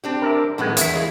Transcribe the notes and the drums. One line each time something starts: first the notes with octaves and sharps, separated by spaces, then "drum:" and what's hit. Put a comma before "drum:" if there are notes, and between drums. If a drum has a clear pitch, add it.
C4 D4 G4
A#4 D5 E5
F2 A2 D#3 G#3 B3
E2 A#3 E4, drum: hi-hat
G#3